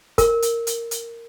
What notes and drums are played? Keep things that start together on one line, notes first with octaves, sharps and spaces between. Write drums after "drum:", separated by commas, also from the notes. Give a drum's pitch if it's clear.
A#4, drum: kick, hi-hat
drum: hi-hat
drum: hi-hat
drum: hi-hat